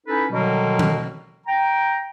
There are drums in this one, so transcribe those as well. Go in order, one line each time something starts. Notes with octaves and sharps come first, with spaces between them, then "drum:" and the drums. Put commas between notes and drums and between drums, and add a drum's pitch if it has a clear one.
C#4 D#4 E4 A4 B4
B2 D3 D#3 F#3 G3 A#3
drum: tom D#3
G5 A#5